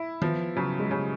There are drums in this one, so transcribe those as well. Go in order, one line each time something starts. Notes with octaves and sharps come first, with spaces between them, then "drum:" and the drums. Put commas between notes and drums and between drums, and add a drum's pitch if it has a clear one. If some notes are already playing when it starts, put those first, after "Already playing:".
Already playing: E4
F3 B3, drum: tom D#3
C#3 F#3
G#3
C#3 G3